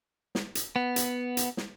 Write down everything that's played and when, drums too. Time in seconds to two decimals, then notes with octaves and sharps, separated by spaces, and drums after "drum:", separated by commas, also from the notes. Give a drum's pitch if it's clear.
0.35 drum: snare
0.55 drum: hi-hat
0.76 B3
0.96 drum: hi-hat
1.37 drum: hi-hat
1.57 drum: snare